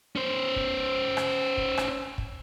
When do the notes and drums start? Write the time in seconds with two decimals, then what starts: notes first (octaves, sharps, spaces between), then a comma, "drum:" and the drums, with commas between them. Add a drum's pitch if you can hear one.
0.16 C#4 C5
0.56 drum: kick
1.17 drum: rim click
1.57 drum: kick
1.77 drum: rim click
2.18 drum: kick